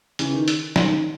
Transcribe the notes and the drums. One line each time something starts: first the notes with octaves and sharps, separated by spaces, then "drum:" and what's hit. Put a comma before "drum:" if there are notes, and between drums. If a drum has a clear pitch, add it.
C#3 E3, drum: hi-hat
D#3
drum: hi-hat
D#3, drum: snare